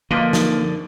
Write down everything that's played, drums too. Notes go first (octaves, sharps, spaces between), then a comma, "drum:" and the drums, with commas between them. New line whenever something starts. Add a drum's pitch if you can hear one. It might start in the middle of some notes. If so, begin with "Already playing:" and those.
D3 F3 A#3 B4 D#5
D#4 A#4 A5, drum: snare